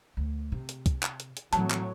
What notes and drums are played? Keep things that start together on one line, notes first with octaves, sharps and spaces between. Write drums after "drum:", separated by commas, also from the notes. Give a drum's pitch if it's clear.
D2
C3
drum: hi-hat
drum: kick, hi-hat
drum: clap
drum: hi-hat
drum: hi-hat
A2 E3 F#3 C4 A5, drum: hi-hat
drum: clap